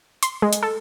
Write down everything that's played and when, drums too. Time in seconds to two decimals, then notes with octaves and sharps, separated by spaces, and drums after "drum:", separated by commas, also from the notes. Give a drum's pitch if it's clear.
0.23 C6, drum: hi-hat
0.42 G#3
0.53 drum: hi-hat
0.63 A4